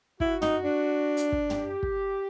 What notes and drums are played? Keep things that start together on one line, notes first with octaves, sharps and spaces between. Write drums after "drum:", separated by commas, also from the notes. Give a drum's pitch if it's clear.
E4 F#4, drum: kick
D#4, drum: tom
D4
drum: hi-hat
drum: kick
G4, drum: tom
drum: kick